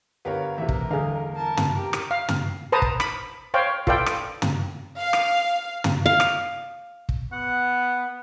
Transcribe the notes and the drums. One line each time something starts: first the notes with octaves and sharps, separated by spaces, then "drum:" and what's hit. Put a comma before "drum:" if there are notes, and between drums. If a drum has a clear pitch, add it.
G1 B3 G4 A#4 C#5 F5
E2 C3 A3 A#4 E5
drum: kick
D3 G#4 F5
A#4 A5
drum: tom
G4 A#4
drum: rim click
F5
drum: tom
B4 C5 A5 A#5 D#6
drum: kick
B5, drum: rim click
C5 C#5 F5 G5
F4 A4 B4 D5 E5 G5, drum: kick
drum: rim click
drum: tom
F5
drum: rim click
drum: tom
F5
drum: rim click
drum: kick
B3 F#5